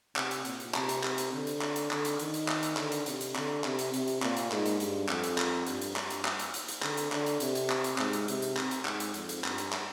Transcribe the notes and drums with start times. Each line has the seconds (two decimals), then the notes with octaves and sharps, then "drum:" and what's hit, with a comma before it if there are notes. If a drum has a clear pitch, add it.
0.16 C3, drum: clap
0.31 drum: hi-hat
0.45 A#2, drum: hi-hat
0.60 drum: hi-hat
0.74 C3, drum: clap
0.89 drum: hi-hat
1.03 drum: clap
1.18 drum: hi-hat
1.32 D3
1.47 drum: hi-hat
1.61 drum: clap
1.76 drum: hi-hat
1.91 D3, drum: clap
2.05 drum: hi-hat
2.19 D#3, drum: hi-hat
2.34 drum: hi-hat
2.48 drum: clap
2.63 drum: hi-hat
2.77 D3, drum: clap
2.92 drum: hi-hat
3.06 C3, drum: hi-hat
3.21 drum: hi-hat
3.36 D3, drum: clap
3.64 C3, drum: clap
3.79 drum: hi-hat
3.94 C3, drum: hi-hat
4.08 drum: hi-hat
4.22 A#2, drum: clap
4.37 drum: hi-hat
4.52 G#2, drum: clap
4.66 drum: hi-hat
4.80 G2, drum: hi-hat
5.08 F2, drum: clap
5.24 drum: hi-hat
5.38 drum: clap
5.66 G2, drum: hi-hat
5.81 drum: hi-hat
5.96 G2, drum: clap
6.10 drum: hi-hat
6.25 drum: clap
6.39 drum: hi-hat
6.54 drum: hi-hat
6.68 drum: hi-hat
6.82 D3, drum: clap
6.97 drum: hi-hat
7.12 D3, drum: clap
7.26 drum: hi-hat
7.40 C3, drum: hi-hat
7.55 drum: hi-hat
7.70 drum: clap
7.84 drum: hi-hat
7.98 G#2, drum: clap
8.13 drum: hi-hat
8.28 C3, drum: hi-hat
8.42 drum: hi-hat
8.57 drum: clap
8.71 drum: hi-hat
8.85 G#2, drum: clap
9.00 drum: hi-hat
9.14 F2, drum: hi-hat
9.29 drum: hi-hat
9.44 G2, drum: clap
9.58 drum: hi-hat
9.73 drum: clap